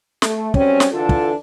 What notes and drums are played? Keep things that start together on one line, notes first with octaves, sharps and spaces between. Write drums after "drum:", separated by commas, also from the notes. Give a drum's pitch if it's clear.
A3, drum: snare
F#2 G3 C4 C#4, drum: kick
drum: snare
D3 E3 D4 F4 A4
drum: kick